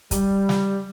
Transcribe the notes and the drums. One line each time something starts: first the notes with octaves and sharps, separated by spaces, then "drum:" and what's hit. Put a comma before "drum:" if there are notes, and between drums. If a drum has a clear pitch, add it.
G3, drum: kick, hi-hat
drum: snare